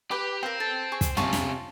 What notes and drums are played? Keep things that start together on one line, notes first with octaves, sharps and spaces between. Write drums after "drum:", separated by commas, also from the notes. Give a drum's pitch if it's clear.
G4 B4 D6
A#4 C5 F5 G5
A4
G#4 C#6
drum: kick, hi-hat
C3 C#4 F4 A5 C#6, drum: tom
drum: snare